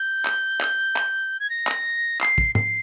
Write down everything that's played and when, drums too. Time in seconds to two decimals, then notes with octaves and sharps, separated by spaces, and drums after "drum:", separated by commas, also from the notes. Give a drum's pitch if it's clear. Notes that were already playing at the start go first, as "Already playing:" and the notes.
Already playing: G6
0.25 drum: clap
0.61 drum: clap
0.96 drum: clap
1.40 G#6
1.50 A#6
1.67 drum: clap
2.21 C7, drum: clap
2.38 drum: kick
2.55 C7, drum: tom